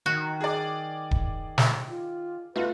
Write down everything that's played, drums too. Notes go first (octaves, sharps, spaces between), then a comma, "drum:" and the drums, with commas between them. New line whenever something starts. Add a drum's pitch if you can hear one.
D#3 F#4
G#4 D5
drum: kick D#1
drum: snare
F4
A3 F4 F#4 B4